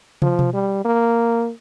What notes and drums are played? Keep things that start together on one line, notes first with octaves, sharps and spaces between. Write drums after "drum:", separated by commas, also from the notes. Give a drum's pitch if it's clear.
F3, drum: tom
drum: tom B2
G3
A#3